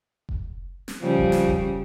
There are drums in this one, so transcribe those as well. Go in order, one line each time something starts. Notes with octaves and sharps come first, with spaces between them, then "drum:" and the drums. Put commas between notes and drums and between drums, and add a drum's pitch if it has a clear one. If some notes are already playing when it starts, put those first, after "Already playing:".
drum: kick F1
drum: snare
C#3 F3 G3
drum: kick F1
drum: snare
drum: kick F1